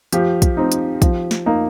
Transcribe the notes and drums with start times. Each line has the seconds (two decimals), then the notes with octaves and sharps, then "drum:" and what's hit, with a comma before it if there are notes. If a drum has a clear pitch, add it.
0.13 F3 G4, drum: hi-hat
0.42 drum: kick, hi-hat
0.57 C4 D#4
0.72 drum: hi-hat
1.02 F3, drum: kick, hi-hat
1.31 drum: snare
1.46 A#3 D#4